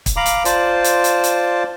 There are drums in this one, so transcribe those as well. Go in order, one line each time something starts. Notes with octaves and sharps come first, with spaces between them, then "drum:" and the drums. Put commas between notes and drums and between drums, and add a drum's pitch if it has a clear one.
drum: kick, hi-hat
F5 A#5 B5 D6
drum: hi-hat
F4 C5 D5 A5, drum: hi-hat
drum: hi-hat
drum: hi-hat
drum: hi-hat